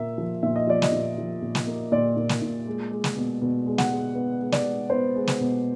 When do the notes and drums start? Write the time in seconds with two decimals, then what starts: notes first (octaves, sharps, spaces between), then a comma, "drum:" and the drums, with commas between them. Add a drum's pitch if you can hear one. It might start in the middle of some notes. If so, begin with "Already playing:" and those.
Already playing: A#2 A#3 E5
0.18 F3
0.43 A#2 E5
0.56 D#5
0.67 F3 D5
0.82 D#5, drum: snare
0.92 A#2
1.18 F3
1.42 A#2
1.55 drum: snare
1.67 A#3
1.92 A#2 D5
2.17 A#2
2.29 drum: snare
2.42 A#2
2.67 G#3
2.91 G#3
3.04 drum: snare
3.17 B2
3.42 B2
3.66 G#3
3.78 F#5, drum: snare
3.90 G#3
4.15 B3
4.41 G#3
4.52 D5, drum: snare
4.65 G#3
4.90 B3 C5
5.15 G#3
5.27 drum: snare
5.40 B2